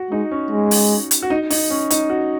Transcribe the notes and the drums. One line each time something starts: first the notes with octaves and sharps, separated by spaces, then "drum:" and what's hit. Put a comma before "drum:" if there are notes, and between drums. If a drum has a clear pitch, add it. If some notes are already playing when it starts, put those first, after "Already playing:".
Already playing: F#4
G#3 D#4
C#4
G#3
drum: open hi-hat
drum: hi-hat
F#4
D#4
D#4, drum: open hi-hat
C#4
D#4, drum: hi-hat
F#4